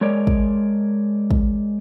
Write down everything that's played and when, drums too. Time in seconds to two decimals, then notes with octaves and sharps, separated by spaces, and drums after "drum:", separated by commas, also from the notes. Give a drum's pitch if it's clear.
0.01 G#3 A#4 C#5 D5
0.27 drum: kick
1.31 drum: kick